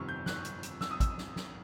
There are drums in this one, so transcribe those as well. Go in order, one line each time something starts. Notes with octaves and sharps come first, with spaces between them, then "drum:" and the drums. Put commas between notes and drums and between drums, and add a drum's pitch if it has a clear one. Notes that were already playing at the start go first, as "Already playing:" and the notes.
Already playing: G1 F2 C3 D#3 C#6
G6
F#6, drum: snare
drum: hi-hat
drum: hi-hat
E6, drum: snare
D#6
E6, drum: kick, hi-hat
drum: snare
drum: snare